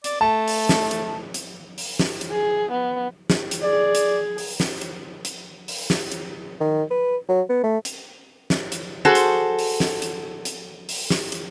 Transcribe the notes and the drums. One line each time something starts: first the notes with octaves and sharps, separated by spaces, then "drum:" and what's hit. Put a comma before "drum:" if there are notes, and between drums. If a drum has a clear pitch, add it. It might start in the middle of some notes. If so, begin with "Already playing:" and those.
D5, drum: hi-hat
A3 A5
drum: open hi-hat
drum: snare
drum: hi-hat
drum: hi-hat
drum: open hi-hat
drum: snare
drum: hi-hat
G#4
B3
drum: snare
drum: hi-hat
G#4 D5
drum: hi-hat
drum: open hi-hat
drum: snare
drum: hi-hat
drum: hi-hat
drum: open hi-hat
drum: snare
drum: hi-hat
D#3
B4
F#3
B3
A3
drum: hi-hat
drum: snare
drum: hi-hat
F#4 G#4 A4 C5
drum: hi-hat
drum: open hi-hat
drum: snare
drum: hi-hat
drum: hi-hat
drum: open hi-hat
drum: snare
drum: hi-hat